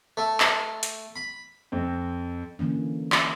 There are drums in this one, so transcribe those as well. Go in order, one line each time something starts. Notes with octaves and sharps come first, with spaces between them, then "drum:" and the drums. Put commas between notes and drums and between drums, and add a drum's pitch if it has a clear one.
A3
drum: clap
drum: hi-hat
B5
F2 C4
D3 E3 A#3 C#4
drum: clap